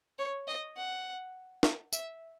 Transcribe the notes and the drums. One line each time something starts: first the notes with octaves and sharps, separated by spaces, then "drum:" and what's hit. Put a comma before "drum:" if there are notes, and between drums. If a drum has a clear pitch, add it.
C#5
D#5
F#5
drum: snare
E5, drum: tambourine